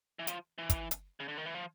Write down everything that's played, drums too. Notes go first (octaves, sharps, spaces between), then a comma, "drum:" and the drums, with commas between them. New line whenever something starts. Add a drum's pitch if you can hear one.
E3
F3, drum: hi-hat
E3
drum: kick, hi-hat
drum: hi-hat
C#3
D3
D#3
E3
F3